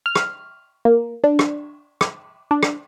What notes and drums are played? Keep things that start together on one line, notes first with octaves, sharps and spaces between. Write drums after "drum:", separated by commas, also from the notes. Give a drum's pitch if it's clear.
F6
drum: rim click
A#3
D4
drum: rim click
drum: rim click
D4
drum: rim click